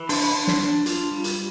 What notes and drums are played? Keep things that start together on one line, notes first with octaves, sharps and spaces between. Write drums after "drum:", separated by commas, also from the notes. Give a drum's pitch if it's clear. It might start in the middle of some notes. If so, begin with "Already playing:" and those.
Already playing: E3
D4 C6, drum: open hi-hat
B5
D4 C6
drum: snare
D4
F4, drum: hi-hat
G3
drum: hi-hat